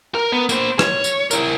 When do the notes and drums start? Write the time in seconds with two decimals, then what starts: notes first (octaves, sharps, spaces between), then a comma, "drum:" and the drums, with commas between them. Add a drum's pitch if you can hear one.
0.15 A#4
0.32 B3
0.49 A#3 C5, drum: tambourine
0.79 C#5, drum: rim click
1.04 drum: tambourine
1.31 E4 A#4, drum: tambourine